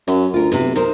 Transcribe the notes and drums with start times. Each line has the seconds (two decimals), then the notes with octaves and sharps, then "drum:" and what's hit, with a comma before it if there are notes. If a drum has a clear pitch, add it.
0.07 F#2, drum: hi-hat
0.34 D2 F4 A#4
0.52 B1 C3 B4, drum: hi-hat
0.76 D#4 A#4 C5, drum: hi-hat